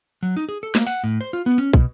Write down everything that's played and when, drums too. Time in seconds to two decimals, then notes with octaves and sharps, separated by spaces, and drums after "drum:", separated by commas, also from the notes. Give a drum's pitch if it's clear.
0.23 F#3
0.37 D#4
0.49 G#4
0.63 A4
0.75 A#3, drum: snare A#3
0.87 F#5, drum: open hi-hat
1.04 A2
1.21 C5
1.33 F4
1.46 B3
1.58 C#4, drum: hi-hat
1.73 B2, drum: kick